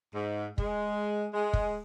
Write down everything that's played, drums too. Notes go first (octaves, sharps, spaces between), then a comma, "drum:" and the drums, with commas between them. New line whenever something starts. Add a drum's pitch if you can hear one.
G#2
G#3, drum: kick
G#3
drum: kick